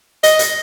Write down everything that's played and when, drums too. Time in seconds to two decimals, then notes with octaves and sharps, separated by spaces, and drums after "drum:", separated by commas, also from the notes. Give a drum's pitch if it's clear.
0.23 D#5, drum: hi-hat
0.39 drum: hi-hat